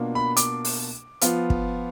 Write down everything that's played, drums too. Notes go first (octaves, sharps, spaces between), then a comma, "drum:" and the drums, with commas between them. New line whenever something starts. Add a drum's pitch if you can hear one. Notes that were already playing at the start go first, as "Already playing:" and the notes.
Already playing: B2 A#3 D4 F4
B5
D6, drum: hi-hat
drum: open hi-hat
F3 B3 F4, drum: hi-hat
drum: kick